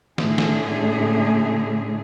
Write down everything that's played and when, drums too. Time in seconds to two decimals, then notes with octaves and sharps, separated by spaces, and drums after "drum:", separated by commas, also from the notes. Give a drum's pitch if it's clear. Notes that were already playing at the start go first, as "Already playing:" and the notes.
0.18 A2 D3 A3 C#4 G#4, drum: snare
0.38 drum: snare